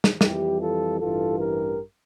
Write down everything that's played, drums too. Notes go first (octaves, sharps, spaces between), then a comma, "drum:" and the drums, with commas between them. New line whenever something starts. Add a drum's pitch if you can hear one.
drum: snare
F2 E3 G3 E4 G4, drum: snare
F4 A4
A1 G2 E3 F4 A4
G4 A#4